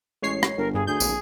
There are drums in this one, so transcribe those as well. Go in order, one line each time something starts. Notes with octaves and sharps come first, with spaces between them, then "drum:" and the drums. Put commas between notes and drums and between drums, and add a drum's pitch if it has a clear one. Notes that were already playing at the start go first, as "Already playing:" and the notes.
A1 G#3 C#5 C7
drum: rim click
G1 A#4
G2 G#4
D2 G#4 G6
D1 A#1, drum: tambourine